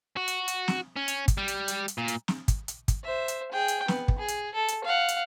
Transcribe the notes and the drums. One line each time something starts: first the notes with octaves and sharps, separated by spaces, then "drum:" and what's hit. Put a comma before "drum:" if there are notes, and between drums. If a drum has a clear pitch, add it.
F#4
drum: hi-hat
drum: hi-hat
drum: snare
C#4
drum: hi-hat
drum: kick, hi-hat
G3
drum: hi-hat
drum: hi-hat
drum: hi-hat
A#2
drum: hi-hat
drum: snare
drum: kick, hi-hat
drum: hi-hat
drum: kick, hi-hat
C5 E5
drum: hi-hat
G#4 G5
drum: hi-hat
B3, drum: snare
drum: kick
G#4
drum: hi-hat
A4
drum: hi-hat
F5 F#5
drum: hi-hat